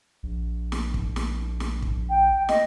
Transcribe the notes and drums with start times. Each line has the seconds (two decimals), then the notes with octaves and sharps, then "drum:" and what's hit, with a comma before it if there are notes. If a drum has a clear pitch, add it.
0.23 A#1
0.72 drum: snare
0.94 drum: kick
1.16 drum: snare
1.60 drum: snare
1.82 drum: kick
2.10 G5
2.49 D#5, drum: snare